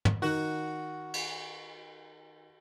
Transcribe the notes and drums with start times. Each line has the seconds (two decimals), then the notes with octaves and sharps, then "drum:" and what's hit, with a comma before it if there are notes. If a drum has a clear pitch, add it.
0.05 drum: tom
0.22 D#3 F#4, drum: open hi-hat
1.14 drum: cymbal